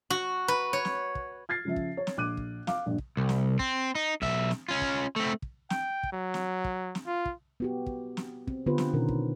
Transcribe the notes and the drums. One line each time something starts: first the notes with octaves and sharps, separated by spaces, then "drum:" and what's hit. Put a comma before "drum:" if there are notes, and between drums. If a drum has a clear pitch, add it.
F#4
B4
C#5
drum: snare
drum: kick
F6 G#6 A6 C7
C#3 F3 E5
drum: kick
C#5
drum: snare
A#1 D6 F#6 D#7
drum: kick
F5 D6, drum: snare
A#1 G2
drum: kick
C2
drum: snare
C4, drum: kick
D#4
B1 E5, drum: kick
drum: snare
C#4 F4
drum: kick
A3 C4
drum: kick
G5, drum: snare
drum: kick
F#3
drum: snare
drum: kick
drum: snare
F4
drum: kick
B3 F#4 G4
drum: kick
drum: snare
C4, drum: kick
D3 B3 F4 G4 B4 C5
drum: snare
B2 D#3 C#4 A#4
drum: kick